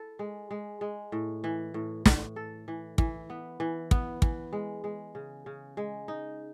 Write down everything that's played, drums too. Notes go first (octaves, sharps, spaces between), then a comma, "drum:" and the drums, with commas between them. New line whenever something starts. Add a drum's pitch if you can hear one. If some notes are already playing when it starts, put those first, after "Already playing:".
Already playing: E4 A4
G#3
G#3
G#3
A2
E3
A2
A2, drum: snare
A4
E3
E3, drum: kick
B3
E3
B3, drum: kick
E3, drum: kick
G#3
G#3
C#3
C#3
G#3
D#4